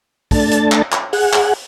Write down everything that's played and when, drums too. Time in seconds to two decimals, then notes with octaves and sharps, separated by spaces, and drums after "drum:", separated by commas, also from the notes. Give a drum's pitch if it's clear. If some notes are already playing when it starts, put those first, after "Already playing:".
0.31 A3 D4 A5, drum: kick, open hi-hat
0.51 drum: hi-hat
0.72 drum: clap
0.92 drum: clap
1.13 G#4 F#5, drum: open hi-hat
1.33 drum: clap